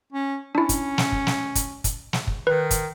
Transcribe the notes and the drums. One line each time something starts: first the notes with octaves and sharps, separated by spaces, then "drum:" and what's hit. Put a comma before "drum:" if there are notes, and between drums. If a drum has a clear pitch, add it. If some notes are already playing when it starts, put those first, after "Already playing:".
C#4
C#4 D4 E4
drum: kick, hi-hat
drum: snare
drum: kick
drum: snare
drum: kick, hi-hat
drum: kick, hi-hat
drum: snare
drum: kick
D#3 B4
drum: kick, hi-hat